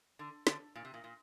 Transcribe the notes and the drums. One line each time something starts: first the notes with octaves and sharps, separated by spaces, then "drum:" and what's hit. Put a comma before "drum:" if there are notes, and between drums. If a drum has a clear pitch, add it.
D3
D3, drum: snare
A#2
C3
A#2
A#2